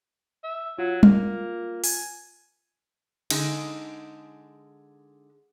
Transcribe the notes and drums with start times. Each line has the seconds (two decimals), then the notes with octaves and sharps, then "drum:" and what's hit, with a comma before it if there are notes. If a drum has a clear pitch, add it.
0.44 E5
0.79 F#3 F4
1.03 A#3, drum: tom G3
1.84 G#5, drum: open hi-hat
3.30 D3 G#3 D#4 G#4, drum: cymbal